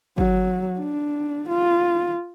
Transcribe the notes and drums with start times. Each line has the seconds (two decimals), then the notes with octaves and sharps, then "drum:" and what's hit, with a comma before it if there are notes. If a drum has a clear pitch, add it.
0.18 F#3, drum: kick
0.79 D4
1.48 F4